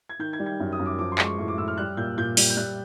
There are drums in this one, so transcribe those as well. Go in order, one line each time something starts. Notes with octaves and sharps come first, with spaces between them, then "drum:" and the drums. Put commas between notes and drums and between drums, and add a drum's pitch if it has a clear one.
G#6
D#3 G6
G#6
G3
G#6
F#2
D#6
F#2
D6
F3 D6
C6
G#3, drum: clap
C#6
A2 C#6
D6
A2 E6
F6
G3 F#6
A#2 G6
A#2 G6
G3, drum: open hi-hat
G6
G3 F#6